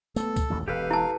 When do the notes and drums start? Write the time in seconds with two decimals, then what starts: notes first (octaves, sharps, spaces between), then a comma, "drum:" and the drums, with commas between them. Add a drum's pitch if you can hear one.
0.16 A3 B3 A4, drum: tambourine
0.36 drum: kick C#2, tambourine
0.50 A1 D#2 A#2
0.68 E1 G4 A4 B4 F5
0.91 E4 A5